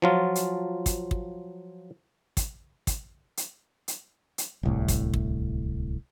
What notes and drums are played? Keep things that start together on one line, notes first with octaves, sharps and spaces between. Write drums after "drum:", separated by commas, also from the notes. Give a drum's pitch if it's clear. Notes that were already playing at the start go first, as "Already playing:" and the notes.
F3 F#3 F4
drum: hi-hat
drum: kick, hi-hat
drum: kick
drum: kick, hi-hat
drum: kick, hi-hat
drum: hi-hat
drum: hi-hat
drum: hi-hat
D1 C2 A2
drum: kick, hi-hat
drum: kick